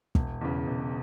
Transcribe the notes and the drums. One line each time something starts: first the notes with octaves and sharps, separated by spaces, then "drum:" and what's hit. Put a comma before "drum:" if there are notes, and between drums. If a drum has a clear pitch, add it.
E1, drum: kick
E2 C#3
E1